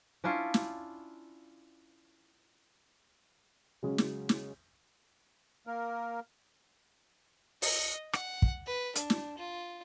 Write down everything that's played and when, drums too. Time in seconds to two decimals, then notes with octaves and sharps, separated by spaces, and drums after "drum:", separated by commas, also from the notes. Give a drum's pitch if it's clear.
0.24 C#4 D4 E4 F4
0.54 drum: snare
3.83 C#3 F#3 G#3 C#4
3.98 drum: snare
4.29 drum: snare
5.67 A#3 A#4
7.62 D#5, drum: open hi-hat
8.13 F#5, drum: rim click
8.42 drum: kick
8.66 B4
8.95 D4, drum: hi-hat
9.10 drum: snare
9.37 F4